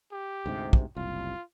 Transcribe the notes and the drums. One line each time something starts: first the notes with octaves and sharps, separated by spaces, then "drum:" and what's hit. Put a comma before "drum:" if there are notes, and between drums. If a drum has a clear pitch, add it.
G4
D2 G#2 C3
drum: kick
F#1 C2 F4